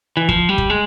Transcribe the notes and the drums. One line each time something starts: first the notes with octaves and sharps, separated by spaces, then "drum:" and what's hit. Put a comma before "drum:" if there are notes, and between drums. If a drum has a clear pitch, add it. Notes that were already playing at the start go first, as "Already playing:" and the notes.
E3
F3, drum: kick
G3
drum: kick
G#3